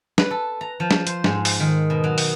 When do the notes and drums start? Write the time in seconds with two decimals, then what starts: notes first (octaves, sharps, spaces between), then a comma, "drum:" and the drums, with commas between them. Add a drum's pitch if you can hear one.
0.18 B4, drum: snare
0.31 A4
0.61 A#5
0.80 F3
0.91 drum: snare
1.07 C5, drum: hi-hat
1.24 G#2, drum: snare
1.45 drum: open hi-hat
1.60 D#3
1.90 B2
2.04 F#3
2.18 drum: open hi-hat